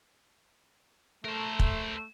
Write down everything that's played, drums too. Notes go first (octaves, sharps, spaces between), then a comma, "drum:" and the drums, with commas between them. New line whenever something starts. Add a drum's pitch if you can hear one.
A3 A#4 C5
drum: kick